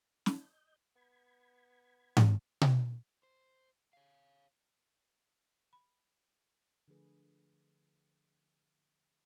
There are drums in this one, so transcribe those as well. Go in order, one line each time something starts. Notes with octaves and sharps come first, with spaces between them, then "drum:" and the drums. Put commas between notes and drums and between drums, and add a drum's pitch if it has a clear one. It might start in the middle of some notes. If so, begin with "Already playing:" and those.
D#5 G6, drum: snare
B3 B5 G#6
drum: tom G#2
drum: tom B2
C5
C#5 F5
B5
D3 F3 A3 G#4 B4